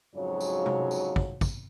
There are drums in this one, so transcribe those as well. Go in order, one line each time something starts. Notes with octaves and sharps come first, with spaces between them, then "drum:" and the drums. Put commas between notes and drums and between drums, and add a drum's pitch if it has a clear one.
F2 G#2 C#3 F#3 F#4 C#5
drum: tambourine
drum: tom
drum: tambourine
drum: kick
drum: kick, tambourine